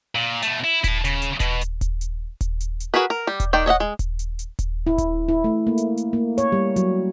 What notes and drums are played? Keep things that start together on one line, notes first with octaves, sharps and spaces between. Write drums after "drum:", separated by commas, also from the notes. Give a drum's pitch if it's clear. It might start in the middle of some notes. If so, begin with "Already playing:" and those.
A#2
B2 A3, drum: hi-hat
E4
E4 A5, drum: kick D#1, hi-hat
C#3, drum: hi-hat
drum: hi-hat
B2, drum: kick D#1, hi-hat
drum: hi-hat
drum: kick D#1, hi-hat
drum: hi-hat
drum: kick D#1, hi-hat
drum: hi-hat
drum: hi-hat
F#4 G#4 A#4 B4
A#4
G3
drum: kick D#1, hi-hat
D#3 D5 G5
C#5 D#5 E5 F#5
G#3
drum: kick D#1, hi-hat
drum: hi-hat
drum: hi-hat
drum: kick D#1, hi-hat
E4
drum: kick D#1, hi-hat
E4
A3
A#3
drum: hi-hat
drum: hi-hat
A#3
C#5, drum: hi-hat
G3
F#3, drum: hi-hat